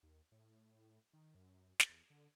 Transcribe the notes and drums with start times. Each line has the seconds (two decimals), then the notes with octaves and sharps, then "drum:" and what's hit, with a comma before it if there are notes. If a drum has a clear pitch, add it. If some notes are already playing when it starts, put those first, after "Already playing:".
0.03 D#2
0.32 A2
1.13 D#3
1.35 F#2
1.80 drum: snare
1.89 E2
2.10 D3